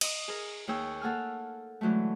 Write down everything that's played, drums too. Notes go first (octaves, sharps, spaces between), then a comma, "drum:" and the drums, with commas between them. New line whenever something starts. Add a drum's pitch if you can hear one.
D#5 D#6, drum: cymbal
G#4 A#4
D#2 A#3 G#4 C#5 G5 E6
A#3 A4 F#5 G#5 E6 F6
D3 E3 F#3 G#3 A3